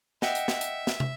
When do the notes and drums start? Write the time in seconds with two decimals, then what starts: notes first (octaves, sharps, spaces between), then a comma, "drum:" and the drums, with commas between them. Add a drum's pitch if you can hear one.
0.22 D#5 E5 F#5 G5, drum: snare
0.35 drum: hi-hat
0.48 drum: snare
0.61 drum: hi-hat
0.87 drum: snare
1.00 drum: tom